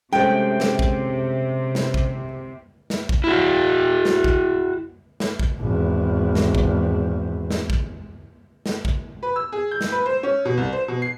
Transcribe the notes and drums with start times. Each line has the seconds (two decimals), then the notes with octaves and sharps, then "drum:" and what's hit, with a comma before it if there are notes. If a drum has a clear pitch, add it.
0.13 C3 G#3 A3 C#4 C5 G5
0.60 drum: snare
0.79 drum: kick A1
1.75 drum: snare
1.94 drum: kick A1
2.90 drum: snare
3.09 drum: kick A1
3.24 E4 F#4
4.05 drum: snare
4.24 drum: kick A1
5.20 drum: snare
5.39 drum: kick A1
5.59 G#1 E2
6.35 drum: snare
6.55 drum: kick A1
7.50 drum: snare
7.70 drum: kick A1
8.66 drum: snare
8.85 drum: kick A1
9.23 B4
9.36 E6
9.52 G#4
9.71 G6
9.81 drum: snare
9.92 B4
10.06 C5
10.23 C#4
10.45 B2
10.57 C2
10.73 C5
10.88 B2
11.02 C7